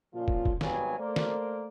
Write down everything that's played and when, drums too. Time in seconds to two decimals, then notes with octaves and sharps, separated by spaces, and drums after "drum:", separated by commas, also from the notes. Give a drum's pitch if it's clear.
0.14 A#2 C#3 F3 F4
0.28 drum: kick
0.45 drum: kick
0.61 G#1 F#3 G3 B3 F5 G#5, drum: snare
0.99 A3 A#3 A#4 C5 D5
1.16 drum: snare